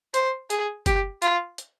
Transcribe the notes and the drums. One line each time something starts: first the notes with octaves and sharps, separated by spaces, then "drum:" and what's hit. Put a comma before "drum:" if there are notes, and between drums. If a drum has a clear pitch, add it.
C5, drum: hi-hat
G#4, drum: hi-hat
G4, drum: kick F#1, hi-hat
F4, drum: hi-hat
drum: hi-hat